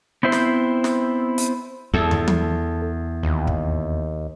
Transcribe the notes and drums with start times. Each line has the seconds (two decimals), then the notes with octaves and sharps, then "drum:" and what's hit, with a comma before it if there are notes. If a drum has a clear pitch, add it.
0.23 B3 C4 E4 C5
0.32 drum: snare
0.84 drum: snare
1.38 drum: hi-hat
1.94 E2 A4
2.11 drum: tom
2.28 drum: tom
3.23 D#2
3.47 drum: kick